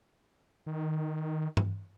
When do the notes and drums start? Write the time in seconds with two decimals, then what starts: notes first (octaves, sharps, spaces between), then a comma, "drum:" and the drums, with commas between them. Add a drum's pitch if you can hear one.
0.66 D#3
1.57 drum: tom G2